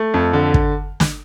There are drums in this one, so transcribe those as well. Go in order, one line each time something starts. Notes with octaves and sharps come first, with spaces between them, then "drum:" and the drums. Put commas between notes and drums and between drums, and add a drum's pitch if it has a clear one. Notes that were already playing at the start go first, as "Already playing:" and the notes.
Already playing: A3
F2
D3
drum: kick
drum: snare